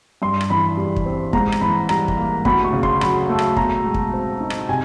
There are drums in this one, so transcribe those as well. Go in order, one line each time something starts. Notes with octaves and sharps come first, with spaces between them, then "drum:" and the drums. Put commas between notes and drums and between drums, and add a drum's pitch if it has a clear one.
G2 C6
drum: rim click
E3 B5
G3
drum: kick
C4
G#2 A#5, drum: kick
drum: rim click
E3 B5
G3 A#5, drum: rim click
drum: kick
A#3
D2 B5, drum: kick
C#6
C#3
C6, drum: kick
F#3 B5, drum: rim click
A3
drum: rim click
B2 A#5, drum: kick
G#3
drum: kick
C4
D#4
drum: rim click
C3 G#5